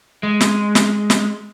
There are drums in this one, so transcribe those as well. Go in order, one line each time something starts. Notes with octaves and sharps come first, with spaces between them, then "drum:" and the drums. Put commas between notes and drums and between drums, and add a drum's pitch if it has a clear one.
G#3
drum: snare
drum: snare
drum: snare